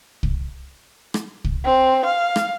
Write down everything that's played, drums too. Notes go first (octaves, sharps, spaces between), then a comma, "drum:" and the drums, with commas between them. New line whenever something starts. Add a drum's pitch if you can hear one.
drum: kick
drum: rim click
drum: kick
C4
F5
drum: rim click